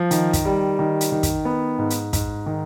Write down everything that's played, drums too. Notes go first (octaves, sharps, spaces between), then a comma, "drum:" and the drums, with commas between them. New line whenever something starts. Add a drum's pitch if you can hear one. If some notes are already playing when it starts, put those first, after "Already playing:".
Already playing: F3
D#3, drum: hi-hat
drum: kick, hi-hat
G3
D#3
drum: hi-hat
D#3
drum: kick, hi-hat
B3
G#2
drum: hi-hat
G#2, drum: kick, hi-hat
D#3